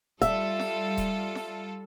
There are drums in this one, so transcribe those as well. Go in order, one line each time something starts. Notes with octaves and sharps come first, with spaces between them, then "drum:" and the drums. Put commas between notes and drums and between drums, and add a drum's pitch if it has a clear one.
G3 F4 A4 E5, drum: kick D#1, hi-hat
drum: snare F4
drum: kick D#1, hi-hat
drum: snare F4